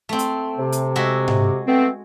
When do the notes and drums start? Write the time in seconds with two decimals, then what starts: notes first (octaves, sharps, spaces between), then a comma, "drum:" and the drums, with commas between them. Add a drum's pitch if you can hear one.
0.09 A3 C4
0.19 drum: hi-hat
0.58 C3
0.73 drum: hi-hat
0.96 G#3 F#4 E5
1.28 drum: tom G#2
1.66 A3 B3 C4